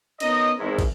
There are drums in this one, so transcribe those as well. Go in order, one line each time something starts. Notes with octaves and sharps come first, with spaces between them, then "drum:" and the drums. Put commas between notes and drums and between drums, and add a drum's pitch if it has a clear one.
B3 C#4 D#4 A#4 D#5, drum: cymbal
G#1 E2 G#2 E4
drum: kick, cymbal